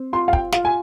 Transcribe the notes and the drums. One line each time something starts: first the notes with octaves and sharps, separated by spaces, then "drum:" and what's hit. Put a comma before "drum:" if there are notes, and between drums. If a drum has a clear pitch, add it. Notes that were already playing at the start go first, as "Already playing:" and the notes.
Already playing: C4
F4 C6
F5
G5, drum: kick
F4 F5, drum: snare
G#5